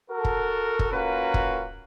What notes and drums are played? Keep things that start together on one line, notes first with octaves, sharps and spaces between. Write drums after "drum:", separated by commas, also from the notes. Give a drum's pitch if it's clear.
F#4 A4 A#4
drum: kick
drum: kick
A#3 C#4 F4 F#4 A#4 B4
drum: kick